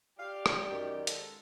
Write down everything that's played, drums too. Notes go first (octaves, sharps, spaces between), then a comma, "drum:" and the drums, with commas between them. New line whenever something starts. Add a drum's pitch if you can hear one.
G4 D5 F5
drum: rim click
F#2 D#3
G#3 A4, drum: hi-hat